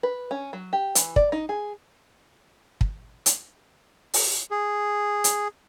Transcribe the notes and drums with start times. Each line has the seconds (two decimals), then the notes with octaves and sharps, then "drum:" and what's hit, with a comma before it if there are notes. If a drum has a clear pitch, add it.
0.03 B4
0.31 C#4
0.53 F#3
0.73 G4
0.95 E3, drum: hi-hat
1.16 D5, drum: kick
1.32 D#4
1.49 G#4
2.81 drum: kick
3.26 drum: hi-hat
4.14 drum: open hi-hat
4.51 G#4
5.24 drum: hi-hat